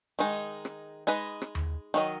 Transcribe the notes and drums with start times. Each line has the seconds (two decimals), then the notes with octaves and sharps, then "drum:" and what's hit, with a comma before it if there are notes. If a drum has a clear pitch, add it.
0.19 D#3 G#3 D#4, drum: hi-hat
0.65 drum: rim click
1.07 G#3 D#4 B4 D#5
1.42 drum: rim click
1.55 drum: tom D#2
1.94 D#3 F#3 D#5